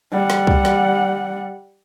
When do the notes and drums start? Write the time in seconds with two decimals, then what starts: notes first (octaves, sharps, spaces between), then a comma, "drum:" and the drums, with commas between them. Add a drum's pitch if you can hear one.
0.12 G3 F#5
0.30 drum: snare
0.47 drum: kick
0.65 drum: snare